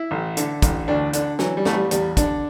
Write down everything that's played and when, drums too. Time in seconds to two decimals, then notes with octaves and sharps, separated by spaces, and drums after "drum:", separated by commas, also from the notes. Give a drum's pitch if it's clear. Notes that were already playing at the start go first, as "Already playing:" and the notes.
Already playing: E4
0.11 A1
0.37 D3, drum: hi-hat
0.62 A1, drum: kick, hi-hat
0.88 D2 D4
1.13 D3 D4, drum: hi-hat
1.39 E3 F#3, drum: snare
1.57 G3
1.65 A1 A3, drum: snare
1.74 G3
1.91 E2 G3, drum: hi-hat
2.17 D3 D4, drum: kick, hi-hat